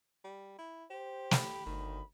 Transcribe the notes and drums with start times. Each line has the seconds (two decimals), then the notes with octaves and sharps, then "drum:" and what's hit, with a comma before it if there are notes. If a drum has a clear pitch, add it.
0.24 G3
0.59 E4
0.90 G4 C5
1.31 B5, drum: snare
1.66 G1 D2 D#3